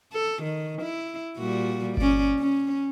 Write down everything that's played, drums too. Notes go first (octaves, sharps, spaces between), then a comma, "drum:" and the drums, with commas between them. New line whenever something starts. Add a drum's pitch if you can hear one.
A4
D#3
E4
A#2 G3 F#4
C#4 D5, drum: kick G1
C#4